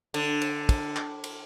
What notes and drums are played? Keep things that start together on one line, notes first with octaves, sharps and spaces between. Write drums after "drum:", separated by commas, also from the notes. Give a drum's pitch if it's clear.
D3, drum: cymbal
drum: cymbal
drum: kick, cymbal
drum: clap
drum: cymbal